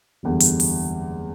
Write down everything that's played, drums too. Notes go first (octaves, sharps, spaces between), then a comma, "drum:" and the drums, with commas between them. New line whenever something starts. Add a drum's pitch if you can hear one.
F#1 E2 D3 G3
drum: hi-hat
drum: open hi-hat